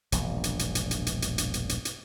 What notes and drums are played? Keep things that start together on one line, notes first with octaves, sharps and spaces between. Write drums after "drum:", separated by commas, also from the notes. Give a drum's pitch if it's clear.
E1 A#1 G2, drum: hi-hat
drum: hi-hat
drum: hi-hat
drum: hi-hat
drum: hi-hat
drum: hi-hat
drum: hi-hat
drum: hi-hat
drum: hi-hat
drum: hi-hat
drum: hi-hat